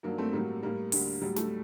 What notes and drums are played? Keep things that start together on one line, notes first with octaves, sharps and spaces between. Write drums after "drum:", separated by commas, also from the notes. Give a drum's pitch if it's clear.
G2 D#3 F#3 A#3 D4
A3 C4
A2 F#3 G3 A#3
A2 G3 A#3
D2 D3 G3, drum: open hi-hat
A2 F#3 G3
A3, drum: snare